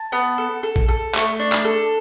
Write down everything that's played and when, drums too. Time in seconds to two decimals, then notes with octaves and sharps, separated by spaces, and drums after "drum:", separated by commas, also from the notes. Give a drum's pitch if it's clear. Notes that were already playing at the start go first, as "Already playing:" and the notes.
Already playing: A5
0.12 B3
0.38 A4
0.63 A4
0.76 drum: kick A#1
0.88 A4
1.14 A3, drum: clap
1.39 D4
1.52 drum: clap
1.65 A4